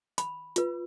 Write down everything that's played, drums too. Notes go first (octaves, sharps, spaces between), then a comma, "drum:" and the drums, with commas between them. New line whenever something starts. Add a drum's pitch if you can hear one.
B5, drum: hi-hat
F4 B4, drum: hi-hat